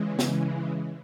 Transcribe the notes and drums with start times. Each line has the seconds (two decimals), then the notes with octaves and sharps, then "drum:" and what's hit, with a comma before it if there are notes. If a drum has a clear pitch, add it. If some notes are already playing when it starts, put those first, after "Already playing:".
Already playing: C#3 E3 G#3
0.19 drum: snare